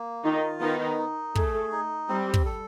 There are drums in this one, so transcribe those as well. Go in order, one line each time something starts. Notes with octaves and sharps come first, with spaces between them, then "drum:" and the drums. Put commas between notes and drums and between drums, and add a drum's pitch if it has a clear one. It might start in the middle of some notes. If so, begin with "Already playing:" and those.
Already playing: A#3
D#3 D#4 F4
D#3 B3 D#4
D#4
A3 G#4, drum: kick
D#4
G3 C4
drum: kick
A4